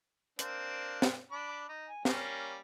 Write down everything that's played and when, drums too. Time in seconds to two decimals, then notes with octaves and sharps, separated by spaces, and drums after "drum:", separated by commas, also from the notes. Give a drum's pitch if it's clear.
0.39 A#3 C4 D4, drum: hi-hat
1.02 drum: snare
1.32 D4 B5 D6
1.69 D#4
1.88 G#5
2.05 G3 A#3 C#4, drum: snare